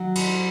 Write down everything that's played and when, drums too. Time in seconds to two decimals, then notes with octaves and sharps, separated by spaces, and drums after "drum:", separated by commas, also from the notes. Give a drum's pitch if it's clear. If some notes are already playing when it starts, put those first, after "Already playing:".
Already playing: D#3 F#3 F#5
0.15 G#2, drum: cymbal